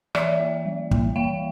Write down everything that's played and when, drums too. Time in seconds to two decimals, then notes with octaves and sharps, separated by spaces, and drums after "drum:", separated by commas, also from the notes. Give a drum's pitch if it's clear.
0.15 E3 D5 E5, drum: rim click
0.40 A#3
0.66 G3
0.91 A#3, drum: kick
1.16 E3 F5 G5